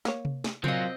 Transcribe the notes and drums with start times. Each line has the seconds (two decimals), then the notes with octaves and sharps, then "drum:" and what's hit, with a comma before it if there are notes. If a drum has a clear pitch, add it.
0.05 A#3 C#5, drum: snare
0.25 drum: tom C3
0.44 drum: snare
0.64 F#3 C4 F4 A#4 D#5 F5, drum: tom C3